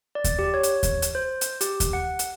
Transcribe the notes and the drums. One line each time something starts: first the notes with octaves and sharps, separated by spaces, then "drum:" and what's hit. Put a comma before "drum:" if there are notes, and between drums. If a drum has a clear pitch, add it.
D5
drum: kick D#2, hi-hat
G4
C#5
drum: hi-hat
drum: kick D#2, hi-hat
drum: hi-hat
C5
drum: hi-hat
G4, drum: hi-hat
drum: kick D#2, hi-hat
F#5
drum: hi-hat